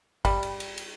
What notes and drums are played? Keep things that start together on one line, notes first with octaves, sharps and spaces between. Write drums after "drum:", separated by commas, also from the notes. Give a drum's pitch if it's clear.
G3, drum: kick, cymbal
drum: cymbal
drum: cymbal
drum: cymbal